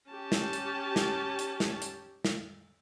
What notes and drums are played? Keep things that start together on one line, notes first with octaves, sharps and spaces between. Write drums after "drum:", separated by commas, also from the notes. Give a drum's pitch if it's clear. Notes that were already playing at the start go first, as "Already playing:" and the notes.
C#4 G4 A5
drum: snare
drum: hi-hat
drum: snare
drum: hi-hat
drum: snare
drum: hi-hat
drum: snare